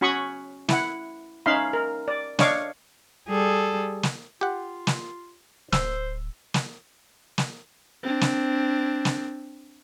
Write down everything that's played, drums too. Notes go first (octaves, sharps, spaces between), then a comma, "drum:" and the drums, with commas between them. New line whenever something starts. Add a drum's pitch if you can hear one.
C#4 F#4 B5 C#6 D#6
E4 F#5, drum: snare
C#4 D#4 E5 F5 B5 C6
A#4
D5
D4 C#5 D#5 F5 C#6 D6, drum: snare
G3 G#4 A4
drum: snare
F4 G4 F#5
drum: snare
D1 C5 E6, drum: snare
drum: snare
drum: snare
C4 D4
drum: snare
drum: snare